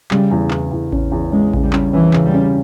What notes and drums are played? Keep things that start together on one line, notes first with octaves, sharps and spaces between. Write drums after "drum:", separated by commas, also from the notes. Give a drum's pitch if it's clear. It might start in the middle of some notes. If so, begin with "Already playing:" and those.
C#3 G3, drum: clap
E2
E2, drum: clap
E2
C#4, drum: kick A1
E2
G#3 C#4
C#3, drum: kick A1
G3
C#4, drum: clap
E3 C#4
C#3, drum: clap
G3
C#4